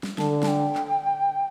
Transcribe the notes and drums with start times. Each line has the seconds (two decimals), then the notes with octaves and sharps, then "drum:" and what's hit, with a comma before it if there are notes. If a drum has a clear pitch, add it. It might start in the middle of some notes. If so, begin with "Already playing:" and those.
0.03 drum: snare
0.18 D3 A5, drum: snare
0.43 A5, drum: snare
0.47 G5
0.75 drum: clap